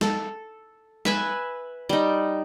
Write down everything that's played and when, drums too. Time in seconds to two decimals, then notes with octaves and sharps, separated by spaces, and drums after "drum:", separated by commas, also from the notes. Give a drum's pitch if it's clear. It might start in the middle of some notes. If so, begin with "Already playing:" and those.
0.01 A4, drum: snare
1.05 B4 E5 G#5, drum: snare
1.89 G3 D#4